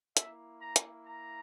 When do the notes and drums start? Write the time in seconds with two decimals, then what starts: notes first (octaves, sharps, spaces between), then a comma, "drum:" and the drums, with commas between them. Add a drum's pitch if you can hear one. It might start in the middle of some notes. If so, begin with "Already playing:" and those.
0.17 A#3 E4 E5, drum: hi-hat
0.61 A#5
0.76 drum: hi-hat
1.06 A#5